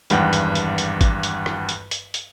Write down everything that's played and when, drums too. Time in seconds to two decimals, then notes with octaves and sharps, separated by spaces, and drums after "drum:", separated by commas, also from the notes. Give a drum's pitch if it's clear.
0.10 G#1 E2 G2 F#5 G5, drum: hi-hat
0.33 drum: hi-hat
0.55 drum: hi-hat
0.78 drum: hi-hat
1.01 drum: kick, hi-hat
1.23 drum: hi-hat
1.46 drum: rim click
1.69 drum: hi-hat
1.91 drum: hi-hat
2.14 drum: hi-hat